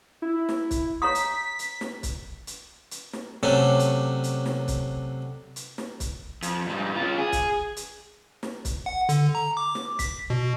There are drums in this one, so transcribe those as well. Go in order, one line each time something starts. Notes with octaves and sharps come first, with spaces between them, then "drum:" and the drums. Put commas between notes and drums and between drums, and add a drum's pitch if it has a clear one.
E4
drum: snare
drum: kick, hi-hat
C#5 A#5 D#6 B6
drum: hi-hat
drum: hi-hat
drum: snare
drum: kick, hi-hat
drum: hi-hat
drum: hi-hat
drum: snare
C3 F#3 A3 C#4 D4
drum: hi-hat
drum: hi-hat
drum: snare
drum: kick, hi-hat
drum: hi-hat
drum: snare
drum: kick, hi-hat
F2, drum: hi-hat
G#2 G3
C#4 F4
G#4
drum: kick, hi-hat
drum: hi-hat
drum: snare
drum: kick, hi-hat
F#5
D3, drum: hi-hat
A#5
D6
drum: snare
B6, drum: kick, hi-hat
B2